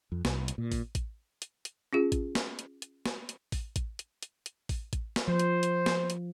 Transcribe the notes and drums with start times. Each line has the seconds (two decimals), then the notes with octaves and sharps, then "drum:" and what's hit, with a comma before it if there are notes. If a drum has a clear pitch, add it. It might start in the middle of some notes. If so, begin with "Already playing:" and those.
0.12 F2
0.25 C2, drum: snare
0.48 drum: hi-hat
0.58 A#2
0.72 drum: kick A1, open hi-hat
0.95 drum: kick A1, hi-hat
1.42 drum: hi-hat
1.65 drum: hi-hat
1.93 C#4 F4 G#4
2.12 drum: kick A1, hi-hat
2.35 drum: snare
2.59 drum: hi-hat
2.82 drum: hi-hat
3.06 drum: snare
3.29 drum: hi-hat
3.52 drum: kick A1, open hi-hat
3.76 drum: kick A1, hi-hat
3.99 drum: hi-hat
4.23 drum: hi-hat
4.46 drum: hi-hat
4.69 drum: kick A1, open hi-hat
4.93 drum: kick A1, hi-hat
5.16 drum: snare
5.28 F3 C5
5.40 drum: hi-hat
5.63 drum: hi-hat
5.86 drum: snare
6.10 drum: hi-hat